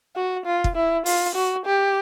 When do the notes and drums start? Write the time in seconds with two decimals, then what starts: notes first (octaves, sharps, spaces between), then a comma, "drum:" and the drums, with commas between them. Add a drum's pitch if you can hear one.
0.16 F#4
0.46 F4
0.64 drum: kick
0.76 E4
1.06 F4, drum: open hi-hat
1.35 F#4
1.65 G4